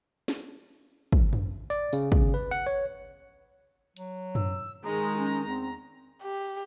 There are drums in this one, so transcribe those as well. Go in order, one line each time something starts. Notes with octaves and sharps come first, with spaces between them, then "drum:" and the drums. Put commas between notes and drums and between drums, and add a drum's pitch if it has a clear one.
drum: snare
drum: kick
drum: tom F#2
D5
C#3, drum: tambourine
C#3, drum: kick
B4
F#5
C#5
F#3, drum: hi-hat
E6, drum: tom F#2
D#3 G#3 D#4 G#4 A#5
C#4
E2 C4
G4